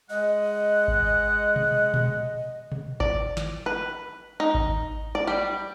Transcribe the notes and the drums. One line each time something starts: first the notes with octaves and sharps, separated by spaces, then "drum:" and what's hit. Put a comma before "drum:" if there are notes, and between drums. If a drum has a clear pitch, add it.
G#3 D#5 F#5
drum: kick G#1
drum: tom B2
drum: tom A#2
drum: tom B2
D5, drum: kick G#1
drum: snare
B4
D#4
drum: kick G#1
D5
G3